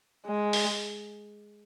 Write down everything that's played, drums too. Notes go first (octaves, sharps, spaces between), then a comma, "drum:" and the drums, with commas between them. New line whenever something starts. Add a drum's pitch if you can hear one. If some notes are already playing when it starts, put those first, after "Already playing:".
G#3
drum: open hi-hat